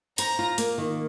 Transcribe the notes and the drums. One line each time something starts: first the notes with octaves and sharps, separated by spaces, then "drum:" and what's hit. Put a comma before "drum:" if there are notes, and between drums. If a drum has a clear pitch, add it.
C5 A#5, drum: hi-hat
F4
A#3, drum: hi-hat
D#3